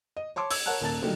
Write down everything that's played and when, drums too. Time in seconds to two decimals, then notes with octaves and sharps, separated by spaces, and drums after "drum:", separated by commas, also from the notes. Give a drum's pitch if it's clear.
0.17 D#5
0.36 C#5 A5 C6 D6
0.51 E6 G#6, drum: open hi-hat
0.66 A#4 C#5 F#5 A5 F#6
0.81 D#1 A#3 A5 A6
1.02 A#2 D3 D#3 F#3 G3 A3